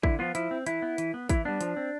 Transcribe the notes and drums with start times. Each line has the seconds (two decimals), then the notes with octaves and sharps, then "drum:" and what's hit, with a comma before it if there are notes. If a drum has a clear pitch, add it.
0.03 D3 E4, drum: kick
0.19 F3 B3 F4
0.35 F3 E4, drum: hi-hat
0.51 C4
0.66 E3 E4, drum: hi-hat
0.82 B3
0.98 E3, drum: hi-hat
1.14 B3
1.29 E3 E4, drum: kick, hi-hat
1.45 G3 B3 D4
1.61 F3, drum: hi-hat
1.77 C4